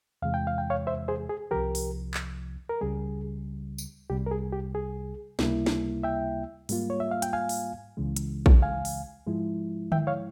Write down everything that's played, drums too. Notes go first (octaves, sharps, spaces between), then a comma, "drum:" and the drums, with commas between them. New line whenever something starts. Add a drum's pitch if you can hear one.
E2 C3 E3 G#3 F5
G5
F5
G5
C#5 F5
C5 E5
G#4 C5
G#4
C2 C3 F3 G4 A#4
drum: open hi-hat
drum: clap
A#4
C#2 C#3 G3 G#4
drum: tambourine
C2 C3 G3 G4
A#4
G#4
G4
G#4
C#2 C3 G3 A#3 E4, drum: snare
drum: snare
E5 G5
G#2 G3 A#3 F4, drum: open hi-hat
C#5
E5
F5
G5, drum: hi-hat
F5 G#5
drum: open hi-hat
C#2 C#3 E3 G#3
drum: hi-hat
drum: kick A#1
F5 G#5
drum: open hi-hat
G#2 F3 G#3 E4
E5 G5, drum: tom D3
C#5 F5